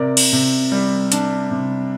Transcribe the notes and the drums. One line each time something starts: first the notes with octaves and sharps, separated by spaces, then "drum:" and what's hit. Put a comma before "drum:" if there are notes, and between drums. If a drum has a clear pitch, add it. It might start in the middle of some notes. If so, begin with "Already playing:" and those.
Already playing: C3 A#4 D5
drum: cymbal
C3
G3
D4, drum: hi-hat
C3